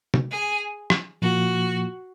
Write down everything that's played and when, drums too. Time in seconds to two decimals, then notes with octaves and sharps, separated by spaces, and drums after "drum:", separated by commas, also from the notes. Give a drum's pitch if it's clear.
0.14 drum: tom C3
0.31 G#4
0.90 drum: rim click
1.22 A#2 F3 A#3 F4 F#4